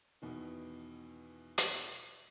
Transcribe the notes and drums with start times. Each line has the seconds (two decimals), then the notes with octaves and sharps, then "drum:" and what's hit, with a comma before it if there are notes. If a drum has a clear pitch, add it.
0.22 E2 B2 D#3
1.58 drum: hi-hat